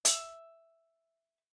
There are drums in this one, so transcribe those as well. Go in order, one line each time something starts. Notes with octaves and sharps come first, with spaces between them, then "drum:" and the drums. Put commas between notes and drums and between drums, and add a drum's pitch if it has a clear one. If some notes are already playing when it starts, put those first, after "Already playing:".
E5, drum: hi-hat